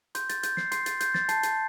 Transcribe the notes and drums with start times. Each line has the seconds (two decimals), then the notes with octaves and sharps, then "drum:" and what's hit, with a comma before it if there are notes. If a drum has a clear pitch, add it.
0.15 C6 G6, drum: hi-hat
0.29 A6, drum: hi-hat
0.43 G6, drum: hi-hat
0.57 C7, drum: snare
0.72 C6 C7, drum: hi-hat
0.86 A6, drum: hi-hat
1.00 G6, drum: hi-hat
1.14 A6, drum: snare
1.29 A5 C7, drum: hi-hat
1.43 drum: hi-hat